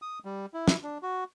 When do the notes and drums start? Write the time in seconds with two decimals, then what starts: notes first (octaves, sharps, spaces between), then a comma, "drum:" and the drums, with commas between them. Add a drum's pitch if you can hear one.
0.02 D#6
0.25 G3
0.54 E4
0.68 drum: snare
0.83 D4
1.03 F#4